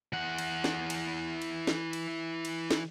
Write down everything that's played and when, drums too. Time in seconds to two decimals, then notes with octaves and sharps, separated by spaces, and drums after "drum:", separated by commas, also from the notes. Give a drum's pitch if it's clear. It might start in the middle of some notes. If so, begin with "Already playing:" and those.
0.13 E3 F#5
0.38 drum: cymbal
0.64 drum: snare
0.90 drum: cymbal
1.42 drum: cymbal
1.67 drum: snare
1.93 drum: cymbal
2.45 drum: cymbal
2.71 drum: snare